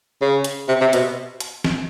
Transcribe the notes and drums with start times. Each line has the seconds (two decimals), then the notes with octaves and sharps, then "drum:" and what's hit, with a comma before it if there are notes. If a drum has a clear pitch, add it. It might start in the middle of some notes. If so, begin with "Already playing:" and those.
0.21 C#3
0.44 drum: hi-hat
0.68 C3
0.81 C3
0.93 B2, drum: hi-hat
1.40 drum: hi-hat
1.64 drum: snare